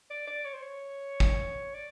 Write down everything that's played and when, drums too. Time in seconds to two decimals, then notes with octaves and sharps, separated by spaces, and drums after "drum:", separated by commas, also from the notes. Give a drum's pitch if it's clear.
0.10 D5
0.27 D5
0.45 C#5
0.54 C5
0.62 C#5
1.20 drum: kick
1.74 D5